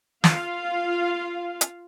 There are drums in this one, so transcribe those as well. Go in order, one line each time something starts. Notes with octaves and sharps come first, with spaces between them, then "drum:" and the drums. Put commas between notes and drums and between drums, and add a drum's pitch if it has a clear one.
F4 F5, drum: snare
drum: hi-hat